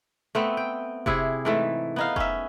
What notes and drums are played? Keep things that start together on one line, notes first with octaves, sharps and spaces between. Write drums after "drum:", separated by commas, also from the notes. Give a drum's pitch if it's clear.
A3 B3 C4
G5
C3 E4 G#4, drum: kick F1
G#2 E3 A3
B3 D#4 F5
C#4 E5, drum: kick F1